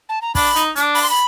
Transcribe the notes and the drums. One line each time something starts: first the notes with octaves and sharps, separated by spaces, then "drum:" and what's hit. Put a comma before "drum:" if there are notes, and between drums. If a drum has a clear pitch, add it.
A5
A#5
D4 B5, drum: kick, open hi-hat
D#4, drum: hi-hat
D4, drum: hi-hat
B5, drum: open hi-hat
C6
B5